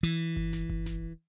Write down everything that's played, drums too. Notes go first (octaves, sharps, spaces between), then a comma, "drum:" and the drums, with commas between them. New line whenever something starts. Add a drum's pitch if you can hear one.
E3
drum: kick G1
drum: snare D#1
drum: kick G1
drum: snare D#1